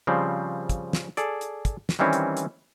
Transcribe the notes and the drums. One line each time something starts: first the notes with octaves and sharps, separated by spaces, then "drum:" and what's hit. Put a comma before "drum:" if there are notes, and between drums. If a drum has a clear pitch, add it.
C#3 F3 G3 C4
drum: kick, hi-hat
drum: snare
G#4 A4 D5, drum: hi-hat
drum: hi-hat
drum: kick, hi-hat
drum: snare
D#3 E3 G3 C4 C#4
drum: hi-hat
drum: hi-hat